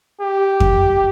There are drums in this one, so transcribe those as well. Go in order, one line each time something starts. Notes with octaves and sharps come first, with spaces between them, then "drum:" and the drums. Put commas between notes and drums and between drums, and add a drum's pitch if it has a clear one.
G4
drum: kick F2